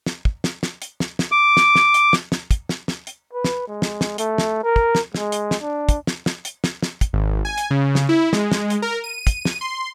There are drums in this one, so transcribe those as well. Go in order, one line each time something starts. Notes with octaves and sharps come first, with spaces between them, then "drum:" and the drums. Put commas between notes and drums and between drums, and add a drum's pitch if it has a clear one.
drum: snare
drum: kick
drum: snare
drum: snare
drum: hi-hat
drum: snare
drum: snare
D6
drum: snare
drum: snare
drum: hi-hat
drum: snare
drum: snare
drum: kick, hi-hat
drum: snare
drum: snare
drum: hi-hat
B4
drum: snare
G#3
drum: snare
drum: snare
A3, drum: hi-hat
drum: snare
A#4
drum: kick
drum: snare
G#3, drum: snare
drum: hi-hat
drum: snare
D4
drum: kick, hi-hat
drum: snare
drum: snare
drum: hi-hat
drum: snare
drum: snare
drum: kick, hi-hat
G#1
G#5
drum: hi-hat
C#3
drum: snare
E4
G#3, drum: snare
drum: snare
drum: hi-hat
A#4
D#7
drum: kick, hi-hat
drum: snare
C6